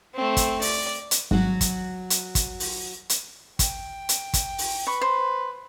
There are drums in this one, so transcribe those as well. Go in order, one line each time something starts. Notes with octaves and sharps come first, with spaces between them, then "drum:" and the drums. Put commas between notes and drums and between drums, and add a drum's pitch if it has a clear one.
A3 C4
drum: kick, hi-hat
D5, drum: open hi-hat
drum: hi-hat
G#1 F#3 F#4
drum: kick, hi-hat
drum: hi-hat
drum: kick, hi-hat
drum: open hi-hat
drum: hi-hat
G5, drum: kick, hi-hat
drum: hi-hat
drum: kick, hi-hat
drum: open hi-hat
B4 C#6
C5